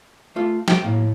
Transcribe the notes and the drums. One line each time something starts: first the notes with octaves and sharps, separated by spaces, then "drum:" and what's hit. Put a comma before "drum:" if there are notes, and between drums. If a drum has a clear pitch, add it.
A3 F4
G5, drum: snare
A2 A#3